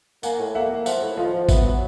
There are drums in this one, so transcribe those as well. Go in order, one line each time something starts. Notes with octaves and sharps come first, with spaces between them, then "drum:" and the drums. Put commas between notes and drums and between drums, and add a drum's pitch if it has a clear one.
A#3 F#5 G#5, drum: tambourine
A2
A#3 E5 F#5
A#3
F3 E5 F#5, drum: tambourine
A2
F3 D#5 F5
F3
B3 E5 F#5, drum: kick G#1, tambourine
F#3